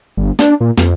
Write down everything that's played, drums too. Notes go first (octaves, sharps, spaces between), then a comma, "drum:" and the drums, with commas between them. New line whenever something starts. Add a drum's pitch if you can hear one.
G1
D4, drum: snare
A#2
F2, drum: snare